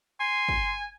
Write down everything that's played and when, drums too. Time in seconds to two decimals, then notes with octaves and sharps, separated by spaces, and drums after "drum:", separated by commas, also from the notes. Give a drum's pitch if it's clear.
0.20 G#5 C6
0.49 drum: kick